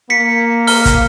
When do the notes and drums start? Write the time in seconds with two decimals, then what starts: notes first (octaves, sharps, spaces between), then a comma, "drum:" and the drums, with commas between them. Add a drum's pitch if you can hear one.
0.10 A#3 B6 C#7
0.67 F6 G7, drum: open hi-hat
0.85 drum: kick, hi-hat